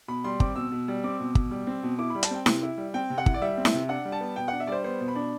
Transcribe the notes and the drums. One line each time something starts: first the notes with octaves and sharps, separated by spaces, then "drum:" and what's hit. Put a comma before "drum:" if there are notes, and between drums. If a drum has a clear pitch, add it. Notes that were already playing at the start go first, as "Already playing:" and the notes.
B2 B5
G3 C6
C4 D6, drum: kick
B2 E6
B2
G3
C4 D6
B2
B2, drum: kick
G3
C4
B2
E4 D6
G3 B5
A5, drum: hi-hat
C4 G5
C3, drum: snare E4
E4
G3
C4 G5
C3
F#5
E4, drum: kick
D5
G3 E5
C4
E5, drum: snare E4
C3
D4 F#5
G3
A5
B3
B2 G5
D4 F#5
E5
G3 C5 D5
B3 C5
B2
B5
D4